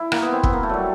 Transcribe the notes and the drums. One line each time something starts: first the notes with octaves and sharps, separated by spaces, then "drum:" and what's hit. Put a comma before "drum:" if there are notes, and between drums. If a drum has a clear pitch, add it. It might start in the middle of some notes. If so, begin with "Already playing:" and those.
Already playing: E4
A#3, drum: rim click
B3
C4
B3, drum: kick
A#3
A3
F#3 G3